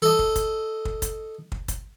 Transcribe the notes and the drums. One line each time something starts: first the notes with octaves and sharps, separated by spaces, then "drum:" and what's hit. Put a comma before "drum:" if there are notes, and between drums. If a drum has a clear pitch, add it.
A4 D#5
drum: kick
drum: kick, hi-hat
drum: kick
drum: kick, hi-hat
drum: kick
drum: kick, hi-hat